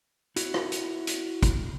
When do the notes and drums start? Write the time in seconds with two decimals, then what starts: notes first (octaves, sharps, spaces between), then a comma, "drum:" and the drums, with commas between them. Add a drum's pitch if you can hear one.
0.36 E4 F#4, drum: hi-hat
0.54 drum: rim click
0.72 drum: hi-hat
1.07 drum: hi-hat
1.43 drum: kick, hi-hat